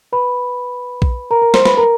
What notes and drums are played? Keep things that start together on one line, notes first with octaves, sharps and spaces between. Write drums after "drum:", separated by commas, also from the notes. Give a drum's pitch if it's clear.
B4 B5
drum: kick A#1
A#4 A#5
A#4 A#5
C5 C6, drum: snare
B4 B5, drum: snare
A#4 A#5